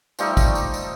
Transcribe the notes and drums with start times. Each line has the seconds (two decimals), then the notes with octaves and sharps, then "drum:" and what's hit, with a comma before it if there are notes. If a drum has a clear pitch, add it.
0.19 F3 G3 A3 D#4, drum: tambourine
0.37 drum: kick, tambourine
0.55 drum: tambourine
0.74 drum: tambourine